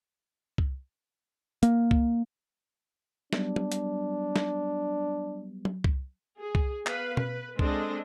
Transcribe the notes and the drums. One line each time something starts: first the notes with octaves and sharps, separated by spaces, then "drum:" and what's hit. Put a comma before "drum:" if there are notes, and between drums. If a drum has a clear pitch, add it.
drum: kick C2
A#3, drum: hi-hat
drum: kick C2
F#3 G3 B3 D4, drum: snare
drum: tom F#3
drum: hi-hat
drum: snare
drum: tom F#3
drum: kick C2
G#4
drum: kick C2
B3 B4 F5, drum: clap
B4, drum: tom B2
G#3 C4 D4 A4 D#5, drum: kick C2